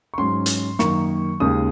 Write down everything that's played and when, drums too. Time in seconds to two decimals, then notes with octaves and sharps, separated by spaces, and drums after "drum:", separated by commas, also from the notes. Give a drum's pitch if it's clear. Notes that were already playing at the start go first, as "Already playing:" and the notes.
0.14 C#6
0.18 G#2 F#3 C#4 C6
0.46 drum: hi-hat
0.79 F#2 D#3 A#3 C#6, drum: snare
1.40 D#2 C#3 G#3 D#6